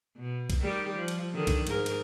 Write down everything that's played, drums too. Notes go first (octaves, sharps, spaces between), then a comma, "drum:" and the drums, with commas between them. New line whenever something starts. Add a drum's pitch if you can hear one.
B2
drum: kick, cymbal
D#3 G3 G4
F3
drum: cymbal
D3 D#3
drum: kick, cymbal
G#2 A#4, drum: cymbal
drum: cymbal